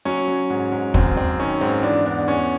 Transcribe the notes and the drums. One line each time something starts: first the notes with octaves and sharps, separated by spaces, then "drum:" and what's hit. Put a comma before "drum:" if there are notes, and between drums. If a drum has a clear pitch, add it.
F#3 C#4
F#3
G#2
G#2
F#2 C4, drum: kick
F#2 C4
D#3 C#4
G#2 C4
E3 D4
E2 D4
E2 C#4